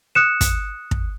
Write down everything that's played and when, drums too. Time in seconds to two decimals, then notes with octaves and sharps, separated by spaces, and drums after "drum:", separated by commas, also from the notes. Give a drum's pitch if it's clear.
0.15 D#6 F#6 C#7 E7
0.41 drum: kick, hi-hat
0.91 drum: kick